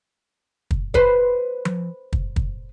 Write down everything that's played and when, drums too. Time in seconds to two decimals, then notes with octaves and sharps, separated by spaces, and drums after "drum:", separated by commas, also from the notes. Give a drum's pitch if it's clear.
0.71 drum: kick
0.94 B4 C5, drum: kick
1.65 drum: tom F3
2.13 drum: kick
2.36 drum: kick